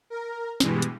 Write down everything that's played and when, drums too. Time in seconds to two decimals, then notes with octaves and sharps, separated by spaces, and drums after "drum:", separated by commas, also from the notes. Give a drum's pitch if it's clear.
0.10 A#4
0.60 G2 B2 E3 G3 G#3, drum: snare
0.82 drum: hi-hat